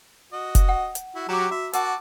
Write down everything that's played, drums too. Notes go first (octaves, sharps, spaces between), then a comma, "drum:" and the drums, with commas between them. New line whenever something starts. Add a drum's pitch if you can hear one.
F#4 D#5
drum: kick F1, hi-hat
F#5
drum: hi-hat
E4 F#4
F#3 F#4 G4 A#5 D6
F#4 E5
F#4 A#4 F#5 A5 D6, drum: hi-hat